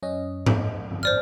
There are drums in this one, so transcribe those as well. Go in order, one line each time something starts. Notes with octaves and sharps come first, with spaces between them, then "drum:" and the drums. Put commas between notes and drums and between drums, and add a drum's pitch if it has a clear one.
F#2 C#4 D#5
drum: tom G#2
G1 F2
C5 D5 F6